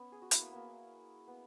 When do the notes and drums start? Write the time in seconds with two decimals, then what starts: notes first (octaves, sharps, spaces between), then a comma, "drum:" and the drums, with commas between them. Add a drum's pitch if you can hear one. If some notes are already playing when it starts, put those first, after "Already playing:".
Already playing: B3 C#4
0.12 G#4
0.22 F#4
0.31 E4, drum: hi-hat
0.41 A#3
0.51 A#3 B3
1.28 B3